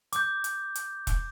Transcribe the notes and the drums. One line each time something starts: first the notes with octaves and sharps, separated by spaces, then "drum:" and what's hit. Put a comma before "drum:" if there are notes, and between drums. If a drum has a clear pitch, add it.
D6 G6, drum: hi-hat
drum: hi-hat
drum: hi-hat
drum: kick E1, hi-hat